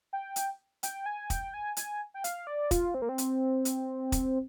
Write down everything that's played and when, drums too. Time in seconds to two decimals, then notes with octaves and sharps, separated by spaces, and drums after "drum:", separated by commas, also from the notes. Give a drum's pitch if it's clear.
0.13 G5
0.36 drum: hi-hat
0.83 G5, drum: hi-hat
1.06 G#5
1.30 G5, drum: kick, hi-hat
1.54 G#5
1.77 G#5, drum: hi-hat
2.14 G5
2.24 F5, drum: hi-hat
2.47 D5
2.71 F4, drum: kick, hi-hat
2.94 C4
3.02 A#3
3.09 C4
3.18 drum: hi-hat
3.65 drum: hi-hat
4.12 drum: kick, hi-hat